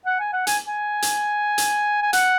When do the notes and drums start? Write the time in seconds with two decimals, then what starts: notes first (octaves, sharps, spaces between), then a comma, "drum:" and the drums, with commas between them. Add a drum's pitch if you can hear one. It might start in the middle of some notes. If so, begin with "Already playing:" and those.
0.06 F#5
0.20 G#5
0.32 F#5
0.47 G#5, drum: hi-hat
0.67 G#5
1.02 drum: hi-hat
1.58 drum: hi-hat
2.02 G#5
2.13 F#5, drum: hi-hat